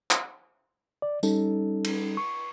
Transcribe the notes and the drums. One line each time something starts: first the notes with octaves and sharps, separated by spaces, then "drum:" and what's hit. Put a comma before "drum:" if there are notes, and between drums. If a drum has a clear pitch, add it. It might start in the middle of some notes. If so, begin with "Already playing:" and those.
drum: clap
D5
G3 C#4 D#4 A4, drum: tambourine
drum: cymbal
C#6